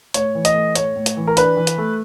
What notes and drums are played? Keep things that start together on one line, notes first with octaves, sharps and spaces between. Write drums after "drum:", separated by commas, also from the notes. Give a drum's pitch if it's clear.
A2 C#5, drum: hi-hat
E3
D#5, drum: hi-hat
A3
A2 C#5, drum: hi-hat
A2
drum: hi-hat
E3
A#4
D4 B4, drum: hi-hat
E3
drum: hi-hat
A3